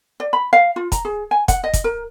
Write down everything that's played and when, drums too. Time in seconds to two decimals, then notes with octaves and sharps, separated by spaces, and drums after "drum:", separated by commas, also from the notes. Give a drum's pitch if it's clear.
0.20 D5
0.33 B5
0.53 F5
0.76 F4
0.92 A#5, drum: kick, hi-hat
1.05 G#4
1.31 G#5
1.48 F#5, drum: kick, hi-hat
1.64 D#5
1.74 drum: kick, hi-hat
1.84 A#4